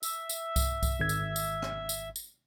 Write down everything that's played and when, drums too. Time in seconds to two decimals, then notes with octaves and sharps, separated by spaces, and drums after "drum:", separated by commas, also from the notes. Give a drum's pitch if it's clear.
0.03 E5, drum: tambourine
0.29 drum: tambourine
0.56 drum: kick C2, tambourine
0.83 drum: kick C2, tambourine
1.00 G#1 G#6
1.09 drum: tambourine
1.36 drum: tambourine
1.62 drum: rim click
1.89 drum: tambourine
2.16 drum: tambourine